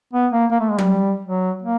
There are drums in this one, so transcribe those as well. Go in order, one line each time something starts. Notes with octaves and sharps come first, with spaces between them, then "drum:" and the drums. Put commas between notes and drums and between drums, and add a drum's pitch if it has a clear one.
B3
A#3
A#3
A3
G#3
G3, drum: tom F#3
F#3
A#3